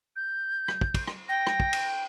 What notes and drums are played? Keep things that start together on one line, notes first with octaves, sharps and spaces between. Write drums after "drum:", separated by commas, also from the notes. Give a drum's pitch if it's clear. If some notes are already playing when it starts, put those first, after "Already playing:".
G6
drum: rim click
drum: kick
drum: kick, cymbal
drum: rim click
G5 A#6
drum: rim click
drum: kick
drum: cymbal